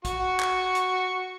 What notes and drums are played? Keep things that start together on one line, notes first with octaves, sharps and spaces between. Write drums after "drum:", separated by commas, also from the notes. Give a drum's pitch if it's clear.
F#4 C#6, drum: kick, hi-hat
drum: clap
drum: hi-hat